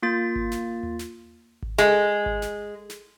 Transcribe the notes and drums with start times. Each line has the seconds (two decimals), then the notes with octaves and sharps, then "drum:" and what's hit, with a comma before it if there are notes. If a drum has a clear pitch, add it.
0.02 A#3 F4 A6
0.36 drum: kick G#1
0.52 drum: snare
0.83 drum: tom D#2
0.99 drum: snare
1.63 drum: kick G#1
1.78 G#3, drum: snare
2.26 drum: kick G#1
2.42 drum: snare
2.90 drum: snare